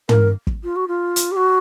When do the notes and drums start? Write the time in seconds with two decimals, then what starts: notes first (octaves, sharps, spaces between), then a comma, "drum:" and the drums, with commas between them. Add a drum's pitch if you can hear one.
0.09 A#4, drum: tom
0.47 drum: kick
0.64 F4
0.76 F#4
0.88 F4
1.16 drum: hi-hat
1.31 G4
1.36 F#4